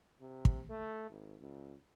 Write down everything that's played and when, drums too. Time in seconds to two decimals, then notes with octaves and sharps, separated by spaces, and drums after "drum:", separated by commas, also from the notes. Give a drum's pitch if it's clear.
0.21 C3
0.45 drum: kick
0.69 A3
1.10 G#1
1.41 C#2